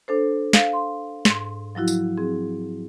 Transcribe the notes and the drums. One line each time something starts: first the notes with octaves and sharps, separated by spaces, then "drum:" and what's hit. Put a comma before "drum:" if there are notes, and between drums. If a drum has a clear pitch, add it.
D4 A4 C5
F5, drum: snare
C6
G#2 C6, drum: snare
F3 F#3 E4 F#4
drum: tambourine
C4 G#4